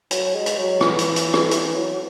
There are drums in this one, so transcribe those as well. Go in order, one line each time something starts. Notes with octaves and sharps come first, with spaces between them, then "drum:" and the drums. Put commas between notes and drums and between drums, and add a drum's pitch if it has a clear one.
F#3, drum: hi-hat
G#3
drum: hi-hat
F#3
E3, drum: rim click
drum: hi-hat
drum: hi-hat
drum: rim click
E3, drum: hi-hat
F#3
F#3